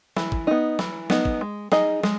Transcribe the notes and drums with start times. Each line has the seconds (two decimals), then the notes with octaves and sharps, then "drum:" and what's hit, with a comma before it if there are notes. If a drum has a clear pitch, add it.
0.17 E3, drum: snare
0.32 drum: kick
0.47 B3 D#4
0.79 E3, drum: snare
1.10 B3 D#4, drum: snare
1.25 drum: kick
1.41 G#3
1.72 D#4 G#4 D#5, drum: snare
2.03 G#3, drum: snare